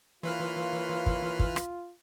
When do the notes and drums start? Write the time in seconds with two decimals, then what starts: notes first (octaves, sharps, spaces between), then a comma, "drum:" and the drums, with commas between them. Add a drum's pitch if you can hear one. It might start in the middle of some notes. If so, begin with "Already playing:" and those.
0.23 E3 A#3 F4 B4 C#5 C6 F6
1.06 drum: kick
1.40 drum: kick
1.56 drum: rim click